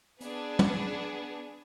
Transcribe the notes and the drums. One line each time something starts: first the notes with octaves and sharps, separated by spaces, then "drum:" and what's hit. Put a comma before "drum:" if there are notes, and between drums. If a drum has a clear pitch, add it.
B3 D4 G#4, drum: hi-hat
drum: tom